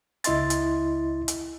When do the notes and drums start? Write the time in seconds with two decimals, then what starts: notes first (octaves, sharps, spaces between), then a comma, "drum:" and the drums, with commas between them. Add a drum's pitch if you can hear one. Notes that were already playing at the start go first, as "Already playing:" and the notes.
0.24 C#2 E4 D#5 C6 A6, drum: hi-hat
0.50 drum: hi-hat
1.28 drum: hi-hat